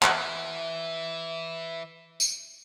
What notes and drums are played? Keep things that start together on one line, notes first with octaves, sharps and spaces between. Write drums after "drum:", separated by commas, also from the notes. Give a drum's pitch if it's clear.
E3 E5, drum: clap
drum: tambourine